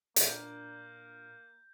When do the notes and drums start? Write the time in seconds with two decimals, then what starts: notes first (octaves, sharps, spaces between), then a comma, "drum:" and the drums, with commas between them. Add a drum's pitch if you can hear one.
0.16 A#2 A#3 D4 G6, drum: hi-hat